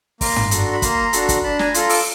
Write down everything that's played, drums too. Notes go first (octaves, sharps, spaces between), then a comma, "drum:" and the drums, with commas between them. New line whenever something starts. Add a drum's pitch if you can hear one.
A#3 A#5 C6, drum: kick, open hi-hat
drum: tom
D4 F#4 A4, drum: hi-hat
B5
A#3 A#5 C6, drum: kick, hi-hat
D4 F#4 A4, drum: hi-hat
drum: kick, hi-hat
D4 A5 B5
G#5 A#5, drum: snare
F4 A4 A#5 C6, drum: hi-hat
D6 E6, drum: open hi-hat